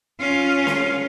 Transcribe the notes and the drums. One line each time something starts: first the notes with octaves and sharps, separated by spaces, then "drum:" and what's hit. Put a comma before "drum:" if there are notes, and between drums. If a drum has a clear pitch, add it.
C#4 F4
drum: snare C#4